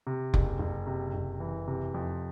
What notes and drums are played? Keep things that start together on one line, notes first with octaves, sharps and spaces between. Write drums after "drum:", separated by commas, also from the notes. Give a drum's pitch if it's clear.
C3
F#1, drum: kick F1
F#1
C3
F#1
E3
C3
F2